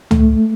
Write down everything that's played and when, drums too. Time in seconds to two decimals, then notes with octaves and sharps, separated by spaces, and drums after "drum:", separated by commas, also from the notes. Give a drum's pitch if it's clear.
0.11 A3, drum: tom